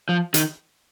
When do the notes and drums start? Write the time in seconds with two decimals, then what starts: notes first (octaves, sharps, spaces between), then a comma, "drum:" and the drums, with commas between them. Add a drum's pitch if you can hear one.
0.09 F3
0.34 D#3, drum: hi-hat